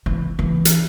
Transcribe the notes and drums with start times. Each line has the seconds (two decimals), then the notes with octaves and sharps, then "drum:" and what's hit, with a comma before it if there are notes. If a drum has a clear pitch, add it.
0.06 E3
0.39 E3
0.65 drum: hi-hat